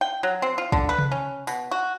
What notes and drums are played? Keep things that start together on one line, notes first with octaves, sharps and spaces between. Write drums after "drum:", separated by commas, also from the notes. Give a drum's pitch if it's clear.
G5
F#3
C4
F4
D3, drum: kick
B4
drum: tom C3
C#4
B2, drum: tambourine
F#4